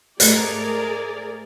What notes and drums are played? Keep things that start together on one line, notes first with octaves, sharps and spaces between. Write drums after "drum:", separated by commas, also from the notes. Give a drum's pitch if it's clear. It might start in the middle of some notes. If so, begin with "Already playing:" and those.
G#2 A3 G#4 A#4 D5 D#5, drum: hi-hat